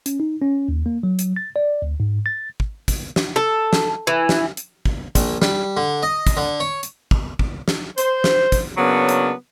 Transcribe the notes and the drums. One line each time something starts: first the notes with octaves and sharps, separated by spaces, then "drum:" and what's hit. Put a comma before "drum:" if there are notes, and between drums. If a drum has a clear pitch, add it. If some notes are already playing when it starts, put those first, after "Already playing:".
C#4, drum: hi-hat
D#4
C#4
D#2
A#3
F#3
drum: hi-hat
A6
D5
D2
G#2
A6
drum: kick
drum: kick, hi-hat
drum: snare
A4
drum: snare
E3
drum: snare
drum: hi-hat
drum: kick
A#1, drum: kick, hi-hat
G3, drum: snare
D3
D#5
drum: kick, hi-hat
D3
C#5
drum: hi-hat
drum: kick
drum: kick
drum: snare
C5, drum: hi-hat
drum: snare
drum: kick, hi-hat
C#3 F#3 A#3 B3 D4
drum: hi-hat